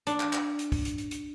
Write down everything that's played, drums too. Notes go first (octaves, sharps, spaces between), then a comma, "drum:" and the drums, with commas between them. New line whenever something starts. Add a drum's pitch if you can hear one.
D4, drum: hi-hat
drum: clap
drum: clap
drum: hi-hat
drum: kick, open hi-hat
drum: hi-hat
drum: hi-hat
drum: hi-hat